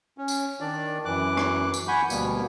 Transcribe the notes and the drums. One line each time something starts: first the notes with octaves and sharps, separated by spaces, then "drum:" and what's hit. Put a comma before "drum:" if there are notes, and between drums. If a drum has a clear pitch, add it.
C#4
drum: tambourine
D#3 D4 D5
F#2 E3 D6 F#6
drum: rim click
drum: tambourine
F#5 G#5 B5 C#6 G6
D2 B2 G3 A#3 B3, drum: tambourine